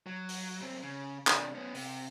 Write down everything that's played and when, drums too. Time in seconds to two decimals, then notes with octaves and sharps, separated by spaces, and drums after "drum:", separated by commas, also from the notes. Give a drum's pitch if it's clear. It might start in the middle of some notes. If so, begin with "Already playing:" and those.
0.07 F#3
0.29 drum: open hi-hat
0.61 F#2 C4
0.83 C#3
1.27 C3 D4, drum: clap
1.55 B3 C#4
1.74 C3, drum: open hi-hat